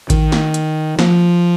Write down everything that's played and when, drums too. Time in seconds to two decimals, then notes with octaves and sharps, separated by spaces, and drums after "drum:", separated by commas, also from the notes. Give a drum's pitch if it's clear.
0.10 D#3, drum: kick A1, hi-hat
0.32 drum: snare
0.54 drum: hi-hat
0.99 F3, drum: snare